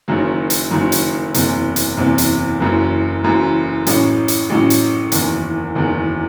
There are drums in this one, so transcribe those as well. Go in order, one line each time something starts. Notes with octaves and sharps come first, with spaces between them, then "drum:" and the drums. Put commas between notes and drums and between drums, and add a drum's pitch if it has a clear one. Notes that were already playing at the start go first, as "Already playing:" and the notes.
F#1 F#2 D#3 F#3
drum: hi-hat
F#1 F#2 D#3 F#3
drum: hi-hat
F#1 E2 C3, drum: hi-hat
drum: hi-hat
F#1 E2 C3
drum: hi-hat
F#1 F#2 E3
F#1 F#2 E3
A1 A2 F#3 C#4, drum: hi-hat
drum: hi-hat
A1 A2 F#3 C#4
drum: hi-hat
F#1 E2 D#3, drum: hi-hat
F#1 E2 D#3